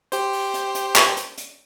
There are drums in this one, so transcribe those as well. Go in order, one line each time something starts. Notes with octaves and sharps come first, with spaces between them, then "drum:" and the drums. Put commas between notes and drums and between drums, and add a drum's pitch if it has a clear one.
G4 C5, drum: hi-hat
drum: open hi-hat
drum: hi-hat
drum: hi-hat
drum: clap
drum: hi-hat
drum: hi-hat